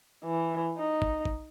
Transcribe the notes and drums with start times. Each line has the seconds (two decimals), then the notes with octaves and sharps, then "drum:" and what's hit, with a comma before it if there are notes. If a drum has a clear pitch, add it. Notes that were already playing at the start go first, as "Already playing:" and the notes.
0.24 E3
0.78 D#4
1.02 drum: kick
1.25 drum: kick